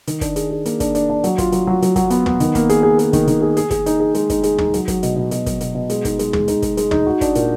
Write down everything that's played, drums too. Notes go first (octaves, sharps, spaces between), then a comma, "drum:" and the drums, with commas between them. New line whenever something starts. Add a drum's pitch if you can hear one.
D#3, drum: hi-hat
D4, drum: kick, hi-hat
G#4, drum: hi-hat
G#4
A#3, drum: hi-hat
D4, drum: kick, hi-hat
D4, drum: hi-hat
D4
F#3, drum: hi-hat
F4, drum: kick, hi-hat
F#3, drum: hi-hat
F#3
F#3, drum: hi-hat
F#3, drum: kick, hi-hat
B3, drum: hi-hat
B3, drum: tom
D#3, drum: hi-hat
A#3, drum: kick, hi-hat
G#4, drum: hi-hat
G#4
G#4, drum: hi-hat
D#3, drum: kick, hi-hat
D#3, drum: hi-hat
G#4
G#4, drum: hi-hat
G#4, drum: kick, hi-hat
D#4, drum: hi-hat
G#4
G#3, drum: hi-hat
D#4, drum: kick, hi-hat
G#4, drum: hi-hat
D#4, drum: tom
F#3, drum: hi-hat
F#3, drum: kick, hi-hat
B2, drum: hi-hat
B2
B2, drum: hi-hat
F#3, drum: kick, hi-hat
B2, drum: hi-hat
B2
G#3, drum: hi-hat
D#4, drum: kick, hi-hat
G#3, drum: hi-hat
G#3, drum: tom
D#4, drum: hi-hat
G#4, drum: kick, hi-hat
G#3, drum: hi-hat
D#4, drum: tom
F#4
D4, drum: kick, hi-hat
A#2, drum: hi-hat